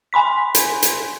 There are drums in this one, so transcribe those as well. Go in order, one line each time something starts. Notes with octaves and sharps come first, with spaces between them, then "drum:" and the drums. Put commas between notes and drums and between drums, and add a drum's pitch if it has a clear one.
G#5 B5 C6 B6
drum: hi-hat
drum: hi-hat